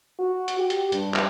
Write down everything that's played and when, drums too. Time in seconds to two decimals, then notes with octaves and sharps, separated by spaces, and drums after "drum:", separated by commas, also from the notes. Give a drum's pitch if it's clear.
0.19 F#4
0.48 drum: hi-hat
0.59 G4
0.70 drum: hi-hat
0.92 G2, drum: hi-hat
1.14 drum: clap